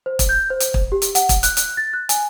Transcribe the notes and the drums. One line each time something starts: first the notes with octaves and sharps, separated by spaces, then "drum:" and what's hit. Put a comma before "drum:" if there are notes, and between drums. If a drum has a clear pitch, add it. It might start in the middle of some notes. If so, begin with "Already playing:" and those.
C5
drum: kick, hi-hat
G6
C5
drum: hi-hat
drum: kick
G4
drum: hi-hat
F#5, drum: hi-hat
drum: kick, hi-hat
F#6, drum: hi-hat
drum: hi-hat
A6
F#6
G#5, drum: hi-hat